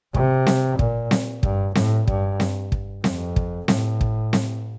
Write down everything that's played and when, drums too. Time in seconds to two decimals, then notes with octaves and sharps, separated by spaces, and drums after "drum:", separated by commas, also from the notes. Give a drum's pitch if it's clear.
0.14 C3, drum: kick
0.47 drum: snare C4
0.79 A#2, drum: kick
1.11 drum: snare C4
1.43 G2, drum: kick
1.75 A2, drum: snare C4
2.07 G2, drum: kick
2.40 drum: snare C4
2.72 drum: kick
3.04 F2, drum: snare C4
3.36 drum: kick
3.68 A2, drum: snare C4
4.01 drum: kick
4.33 drum: snare C4